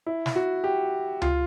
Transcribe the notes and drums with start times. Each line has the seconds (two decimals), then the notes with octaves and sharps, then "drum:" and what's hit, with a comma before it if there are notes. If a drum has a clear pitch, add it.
0.06 E4
0.26 drum: snare
0.35 F#4
0.64 G4
1.22 F4, drum: tom C#2